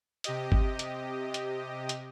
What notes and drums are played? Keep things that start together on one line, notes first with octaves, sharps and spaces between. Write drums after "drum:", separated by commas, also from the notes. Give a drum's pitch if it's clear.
C3 G4 D#5, drum: hi-hat
drum: kick
drum: hi-hat
drum: hi-hat
drum: hi-hat